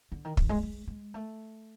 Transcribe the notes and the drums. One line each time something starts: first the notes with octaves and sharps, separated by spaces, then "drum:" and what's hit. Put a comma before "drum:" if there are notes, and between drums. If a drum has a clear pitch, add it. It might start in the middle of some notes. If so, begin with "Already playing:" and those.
D3
D#3
D#3, drum: kick
G#3
G#3
G#3
A3